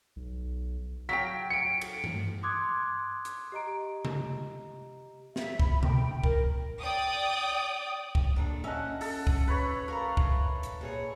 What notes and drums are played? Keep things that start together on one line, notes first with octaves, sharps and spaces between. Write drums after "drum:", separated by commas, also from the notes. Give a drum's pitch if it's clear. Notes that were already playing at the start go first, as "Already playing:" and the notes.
B1
F#3 F5 G5 B6
C#7 D7
drum: cymbal
drum: tom G2
C6 D6 D#6 F#6 G#6
drum: hi-hat
G4 D#5 A#5 D7
drum: tom C3
E5, drum: snare
B5, drum: kick
G5, drum: tom B2
A#4, drum: kick
D5 G5 D#6
drum: kick
A#2 D4 A4
C#4 D#5 E5 F#5 A5
A4, drum: open hi-hat
drum: kick
B4 C#5 B5
A#4 F5 A#5
drum: kick
drum: hi-hat
A#2 G#4 C#5